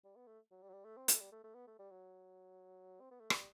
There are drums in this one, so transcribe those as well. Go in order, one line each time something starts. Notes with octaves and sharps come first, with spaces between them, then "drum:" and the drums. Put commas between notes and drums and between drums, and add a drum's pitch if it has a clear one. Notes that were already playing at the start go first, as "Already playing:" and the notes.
G3
B3
A3
F#3
G3
F#3
G3
A3
C4
A3, drum: hi-hat
G3
A3
A3
B3
A3
G3
F#3
C4
B3
A3
G3, drum: rim click